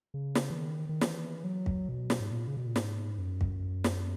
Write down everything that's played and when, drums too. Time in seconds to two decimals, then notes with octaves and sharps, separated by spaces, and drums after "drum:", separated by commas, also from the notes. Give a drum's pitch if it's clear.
0.14 C#3
0.35 drum: snare
0.50 E3
0.57 D#3
0.89 D#3
1.01 E3, drum: snare
1.44 F#3
1.66 drum: kick
1.89 B2
2.10 drum: snare
2.20 G#2
2.31 A#2
2.47 C#3
2.57 B2
2.66 A#2
2.76 G#2, drum: snare
3.18 F#2
3.41 drum: kick
3.84 drum: snare